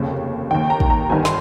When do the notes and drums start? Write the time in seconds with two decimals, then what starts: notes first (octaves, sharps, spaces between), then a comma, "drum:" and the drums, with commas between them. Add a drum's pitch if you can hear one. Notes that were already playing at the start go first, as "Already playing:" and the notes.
Already playing: F1 D#2 C#3
0.51 D#2 D#3 G5
0.70 A#5
0.80 drum: kick
0.90 A#5
1.09 G1 G2 D#3 G#5
1.25 C6, drum: snare